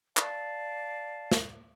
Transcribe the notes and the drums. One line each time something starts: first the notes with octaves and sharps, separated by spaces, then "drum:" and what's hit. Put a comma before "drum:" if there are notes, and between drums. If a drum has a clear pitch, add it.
D5 F5 A5, drum: clap
drum: snare